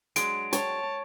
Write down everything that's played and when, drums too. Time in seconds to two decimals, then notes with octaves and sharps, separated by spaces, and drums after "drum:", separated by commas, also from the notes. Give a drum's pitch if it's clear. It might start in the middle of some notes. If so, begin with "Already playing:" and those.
0.16 F#3 G#3 D4 D7, drum: hi-hat
0.53 C#5 A5, drum: hi-hat